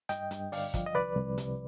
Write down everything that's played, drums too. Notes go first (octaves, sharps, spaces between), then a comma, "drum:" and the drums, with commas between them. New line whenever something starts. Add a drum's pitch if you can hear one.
G2 D#5 G5, drum: hi-hat
G2, drum: hi-hat
D3 D5 F5, drum: open hi-hat
F3, drum: kick, hi-hat
D#5
C2 B4 D5
C2
C3, drum: hi-hat